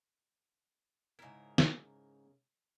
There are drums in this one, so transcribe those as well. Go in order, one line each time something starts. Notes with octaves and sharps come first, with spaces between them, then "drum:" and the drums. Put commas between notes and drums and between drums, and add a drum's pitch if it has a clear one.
G#2 C#3 E4 A#4
drum: snare